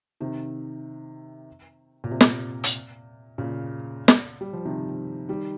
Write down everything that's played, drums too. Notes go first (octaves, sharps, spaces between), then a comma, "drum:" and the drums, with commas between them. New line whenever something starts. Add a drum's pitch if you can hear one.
C3 D#3
A#2
C3
drum: snare
drum: hi-hat
A#2 C#3
drum: snare
G3
F3
C3 D#3
D#3 G3